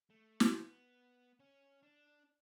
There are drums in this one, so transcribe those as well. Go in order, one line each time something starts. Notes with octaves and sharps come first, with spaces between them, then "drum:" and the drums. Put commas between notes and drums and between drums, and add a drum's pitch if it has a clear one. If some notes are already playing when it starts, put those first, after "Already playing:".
A3
drum: snare
B3
C#4
D4